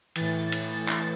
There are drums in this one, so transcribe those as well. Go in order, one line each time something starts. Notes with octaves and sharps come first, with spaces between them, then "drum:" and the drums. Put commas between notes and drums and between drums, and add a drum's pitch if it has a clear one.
A2 E3 A6, drum: cymbal
drum: cymbal
drum: clap